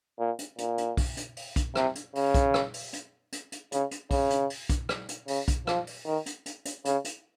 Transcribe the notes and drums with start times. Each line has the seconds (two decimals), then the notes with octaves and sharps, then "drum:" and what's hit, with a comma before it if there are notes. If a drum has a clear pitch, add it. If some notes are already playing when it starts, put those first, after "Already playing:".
0.19 A#2
0.39 drum: hi-hat
0.58 A#2, drum: hi-hat
0.78 drum: hi-hat
0.97 drum: kick, open hi-hat
1.17 drum: hi-hat
1.37 drum: open hi-hat
1.56 drum: kick, hi-hat
1.75 C3, drum: rim click
1.95 drum: hi-hat
2.15 C#3, drum: open hi-hat
2.34 drum: kick, hi-hat
2.54 drum: rim click
2.74 drum: open hi-hat
2.93 drum: hi-hat
3.32 drum: hi-hat
3.52 drum: hi-hat
3.72 C#3, drum: hi-hat
3.91 drum: hi-hat
4.11 C#3, drum: kick, open hi-hat
4.30 drum: hi-hat
4.50 drum: open hi-hat
4.69 drum: kick, hi-hat
4.89 drum: rim click
5.09 drum: hi-hat
5.28 C#3, drum: open hi-hat
5.48 drum: kick, hi-hat
5.67 F3, drum: rim click
5.87 drum: open hi-hat
6.06 D#3
6.26 drum: hi-hat
6.46 drum: hi-hat
6.65 drum: hi-hat
6.85 C#3, drum: hi-hat
7.04 drum: hi-hat